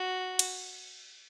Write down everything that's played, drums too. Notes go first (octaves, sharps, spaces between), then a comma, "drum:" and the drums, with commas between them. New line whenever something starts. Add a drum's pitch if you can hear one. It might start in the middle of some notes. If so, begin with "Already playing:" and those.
Already playing: F#4
drum: cymbal